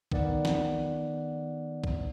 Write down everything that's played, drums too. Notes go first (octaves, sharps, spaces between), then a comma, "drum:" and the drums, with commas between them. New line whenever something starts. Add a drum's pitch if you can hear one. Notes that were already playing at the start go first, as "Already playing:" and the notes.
D#3 B3 D5 F#5, drum: kick A#1
drum: snare
drum: kick A#1